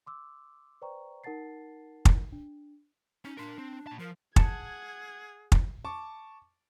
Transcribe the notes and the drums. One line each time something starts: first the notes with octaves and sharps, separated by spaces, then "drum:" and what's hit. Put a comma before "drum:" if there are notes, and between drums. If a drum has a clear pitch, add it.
C6 D6 E6
B4 C5 D5 G5 A#5 C#6
D#4 A#4 F#5 A5 A6 C7
drum: kick
D4
C#4 D#4
D4 A#4 C6
C4
A#2 A5
F3 A#4
G#4 F#5 A5 G#6 A6 C#7, drum: kick
drum: kick
A5 C#6 D6